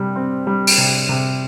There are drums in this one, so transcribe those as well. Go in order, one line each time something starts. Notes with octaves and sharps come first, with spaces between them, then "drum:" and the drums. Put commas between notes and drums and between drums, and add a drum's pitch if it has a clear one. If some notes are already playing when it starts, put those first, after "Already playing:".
Already playing: C3 G3
C4
G3
drum: open hi-hat
C3
C3